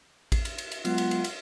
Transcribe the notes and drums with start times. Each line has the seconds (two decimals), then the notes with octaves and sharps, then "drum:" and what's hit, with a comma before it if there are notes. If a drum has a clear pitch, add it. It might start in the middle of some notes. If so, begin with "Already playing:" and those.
0.32 drum: kick A1, cymbal
0.45 drum: cymbal
0.58 drum: cymbal
0.72 drum: cymbal
0.85 F#3 G#3 B3 F4 F#5, drum: cymbal
0.98 drum: cymbal
1.11 drum: cymbal
1.24 drum: cymbal